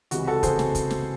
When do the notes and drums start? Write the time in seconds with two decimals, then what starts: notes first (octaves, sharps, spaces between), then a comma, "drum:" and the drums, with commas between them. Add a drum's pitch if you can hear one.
0.11 C#2 C3 E3 F#4, drum: hi-hat
0.27 F#4 A4
0.43 C#2 C3 E3 G#4 C5, drum: kick, hi-hat
0.59 drum: snare
0.75 drum: kick, hi-hat
0.91 drum: snare